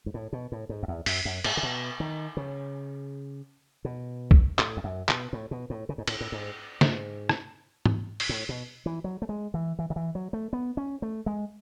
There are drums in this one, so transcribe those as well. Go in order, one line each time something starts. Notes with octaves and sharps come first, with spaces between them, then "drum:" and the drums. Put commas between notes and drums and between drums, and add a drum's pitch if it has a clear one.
G#2
A2
B2
A2
G#2
F#2
E2
F#2, drum: open hi-hat
F#2
G#2, drum: cymbal
C#3
B2
D#3
C#3
B2
drum: kick
A2, drum: clap
E2
F#2
B2, drum: clap
A2
B2
A2
C#3
G#2
A2, drum: cymbal
A2
G#2
G#2, drum: snare
drum: rim click
drum: tom
drum: open hi-hat
A2
B2
E3
F#3
A3
G#3
E3
E3
D#3
E3
F#3
A3
B3
C#4
A3
G#3